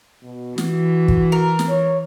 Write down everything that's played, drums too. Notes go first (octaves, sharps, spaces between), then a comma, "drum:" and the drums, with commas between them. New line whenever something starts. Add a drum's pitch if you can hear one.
B2
E3 F#4, drum: snare
drum: kick
A#4
drum: snare
C#5